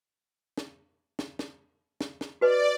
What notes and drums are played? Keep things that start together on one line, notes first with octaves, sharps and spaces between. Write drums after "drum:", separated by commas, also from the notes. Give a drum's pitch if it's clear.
drum: snare
drum: snare
drum: snare
drum: snare
drum: snare
F#4 B4 D5 D#5